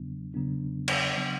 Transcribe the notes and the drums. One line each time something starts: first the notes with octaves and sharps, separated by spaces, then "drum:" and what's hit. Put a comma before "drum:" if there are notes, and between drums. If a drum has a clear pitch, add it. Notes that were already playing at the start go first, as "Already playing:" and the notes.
Already playing: E2 C#3 F#3 B3 D4
E2 C#3 F#3 B3 D4
drum: cymbal
C#3 F#3 B3 D4